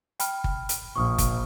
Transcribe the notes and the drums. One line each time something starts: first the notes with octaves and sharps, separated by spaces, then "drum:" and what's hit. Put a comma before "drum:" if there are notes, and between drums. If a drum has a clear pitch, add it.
G5 B5 F6, drum: hi-hat
drum: kick
drum: hi-hat
A#1 C#6 D#6 F6
drum: kick, hi-hat